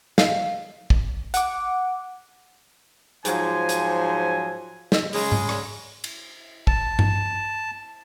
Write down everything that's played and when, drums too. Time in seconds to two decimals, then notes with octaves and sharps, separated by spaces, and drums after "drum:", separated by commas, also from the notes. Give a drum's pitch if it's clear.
0.18 F5, drum: snare
0.90 drum: kick
1.34 F#5 D6, drum: hi-hat
3.25 G#2 F3 F#3 G#5, drum: hi-hat
3.69 drum: hi-hat
4.92 drum: snare
5.13 C#3 G#3, drum: open hi-hat
5.32 drum: tom G#2
5.49 drum: rim click
6.04 drum: cymbal
6.67 A5, drum: kick
6.99 drum: tom G2